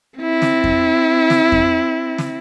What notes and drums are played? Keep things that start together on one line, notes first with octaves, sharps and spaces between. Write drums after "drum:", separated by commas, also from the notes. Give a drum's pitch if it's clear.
C4 E4
drum: snare
drum: kick F2
drum: snare
drum: kick F2
drum: snare